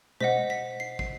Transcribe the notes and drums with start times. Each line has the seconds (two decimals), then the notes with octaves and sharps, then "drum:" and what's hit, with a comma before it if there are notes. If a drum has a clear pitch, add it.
0.20 C5 D#5 F#5 B6, drum: tom B2
0.50 B6
0.80 C7
0.99 C7, drum: kick